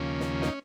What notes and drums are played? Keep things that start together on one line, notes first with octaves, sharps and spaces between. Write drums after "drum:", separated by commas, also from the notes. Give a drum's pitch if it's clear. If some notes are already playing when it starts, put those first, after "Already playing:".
Already playing: D#2 C#3 F3 A#3 C#4
drum: snare
D#4, drum: snare